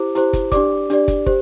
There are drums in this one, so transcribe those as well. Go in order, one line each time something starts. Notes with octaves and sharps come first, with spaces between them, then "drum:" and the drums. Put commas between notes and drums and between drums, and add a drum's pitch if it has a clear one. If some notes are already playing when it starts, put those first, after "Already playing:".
Already playing: E4 G4 C5 D6
E4 G4 C5, drum: hi-hat
drum: kick, hi-hat
D4 G4 D5 D6, drum: kick, hi-hat
D4 G4 D5, drum: hi-hat
drum: kick, hi-hat
G4 C5, drum: kick